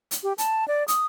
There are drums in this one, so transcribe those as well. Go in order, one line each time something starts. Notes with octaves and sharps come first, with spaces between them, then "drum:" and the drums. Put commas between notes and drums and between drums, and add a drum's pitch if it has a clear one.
drum: hi-hat
G4
A5, drum: hi-hat
D5
D#6, drum: hi-hat